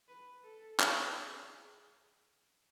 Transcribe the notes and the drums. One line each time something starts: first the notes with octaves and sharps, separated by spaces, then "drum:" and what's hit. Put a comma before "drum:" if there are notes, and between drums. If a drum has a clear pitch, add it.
B4
A4
drum: clap
G#4